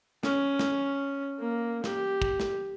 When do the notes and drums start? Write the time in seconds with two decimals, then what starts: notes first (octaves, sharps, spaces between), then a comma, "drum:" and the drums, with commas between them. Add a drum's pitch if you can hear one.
0.23 C#4, drum: snare
0.59 drum: snare
1.39 A#3
1.84 G4, drum: snare
2.22 drum: kick
2.40 drum: snare